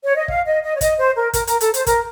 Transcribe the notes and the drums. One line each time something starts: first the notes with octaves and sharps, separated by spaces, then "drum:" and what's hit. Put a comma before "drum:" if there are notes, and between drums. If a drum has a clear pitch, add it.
C#5
D#5
F5, drum: kick
D#5
D#5
C#5
D#5, drum: kick, hi-hat
C5
A#4
A#4, drum: kick, hi-hat
A#4, drum: hi-hat
A4, drum: hi-hat
C5, drum: hi-hat
A#4, drum: kick, hi-hat